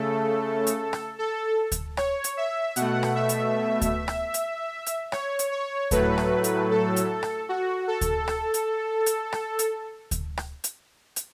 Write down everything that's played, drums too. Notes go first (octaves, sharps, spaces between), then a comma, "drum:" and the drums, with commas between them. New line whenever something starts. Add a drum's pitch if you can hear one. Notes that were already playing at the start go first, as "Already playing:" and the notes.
Already playing: C#3 A3 A4
drum: hi-hat
drum: rim click
A4
drum: kick D2, hi-hat
C#5, drum: rim click
drum: hi-hat
E5
B2 A3 F#5, drum: hi-hat
drum: rim click
E5
drum: hi-hat
drum: kick D2, hi-hat
drum: rim click
drum: hi-hat
drum: hi-hat
C#5, drum: rim click
drum: hi-hat
C#5
A2 F#3 A3 B4, drum: kick D2, hi-hat
drum: rim click
drum: hi-hat
A4
drum: hi-hat
drum: rim click
F#4
A4
drum: kick D2, hi-hat
drum: rim click
drum: hi-hat
drum: hi-hat
drum: rim click
drum: hi-hat
drum: kick D2, hi-hat
drum: rim click
drum: hi-hat
drum: hi-hat